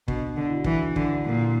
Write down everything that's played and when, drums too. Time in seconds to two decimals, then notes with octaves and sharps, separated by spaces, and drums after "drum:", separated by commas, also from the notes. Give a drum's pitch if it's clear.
0.08 B2 D4, drum: kick
0.28 D4
0.37 D3
0.48 E4
0.55 F#4
0.64 E3 E4, drum: kick
0.74 F#4
0.83 E4
0.92 F#4
0.96 D3, drum: kick
1.01 E4
1.10 F#4
1.18 E4
1.26 A#2 F#4
1.36 E4